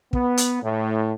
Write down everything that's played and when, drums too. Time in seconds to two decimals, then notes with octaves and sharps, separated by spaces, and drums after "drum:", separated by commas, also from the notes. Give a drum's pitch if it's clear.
0.13 B3, drum: kick
0.37 drum: hi-hat
0.63 A2